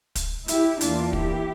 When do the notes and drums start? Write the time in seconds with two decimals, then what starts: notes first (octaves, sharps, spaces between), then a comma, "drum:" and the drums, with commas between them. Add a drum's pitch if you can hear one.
0.15 drum: kick, hi-hat
0.48 E4 G4, drum: hi-hat
0.81 E2 E3 A#3 D4 F4, drum: hi-hat
1.13 E4 G4, drum: kick